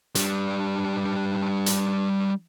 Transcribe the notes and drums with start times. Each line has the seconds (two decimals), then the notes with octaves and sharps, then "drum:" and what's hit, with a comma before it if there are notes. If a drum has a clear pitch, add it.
0.15 G3 D4, drum: hi-hat
1.66 drum: hi-hat